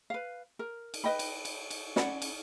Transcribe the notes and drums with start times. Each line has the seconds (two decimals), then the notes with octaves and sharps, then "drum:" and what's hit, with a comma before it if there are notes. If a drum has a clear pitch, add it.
0.10 B4 F5
0.59 A#4
0.94 drum: cymbal
1.04 B4 D#5 G5 B5
1.19 drum: cymbal
1.45 drum: cymbal
1.70 drum: cymbal
1.96 C#4 D5 F#5 B5, drum: snare
2.22 drum: cymbal